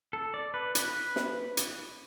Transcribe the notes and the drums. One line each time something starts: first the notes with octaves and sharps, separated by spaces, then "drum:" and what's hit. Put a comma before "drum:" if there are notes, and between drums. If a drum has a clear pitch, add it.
A4
D5
B4
B4, drum: hi-hat
drum: snare
drum: hi-hat